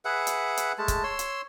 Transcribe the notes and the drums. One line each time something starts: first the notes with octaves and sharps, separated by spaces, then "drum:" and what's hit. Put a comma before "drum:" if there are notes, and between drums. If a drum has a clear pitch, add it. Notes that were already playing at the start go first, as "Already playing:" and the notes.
G#4 B4 E5 F#5
drum: hi-hat
drum: hi-hat
G#3 A3 A5
drum: kick, hi-hat
C#5 C6 E6
drum: hi-hat